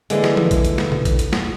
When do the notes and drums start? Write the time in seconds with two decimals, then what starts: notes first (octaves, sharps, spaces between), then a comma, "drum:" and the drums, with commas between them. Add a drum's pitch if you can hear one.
0.10 D3 E3 G#3 A#3, drum: hi-hat
0.24 drum: snare
0.37 drum: tom E3
0.51 drum: kick, hi-hat
0.65 drum: hi-hat
0.78 drum: snare
0.92 drum: tom B2
1.05 drum: kick, hi-hat
1.19 drum: hi-hat
1.33 drum: snare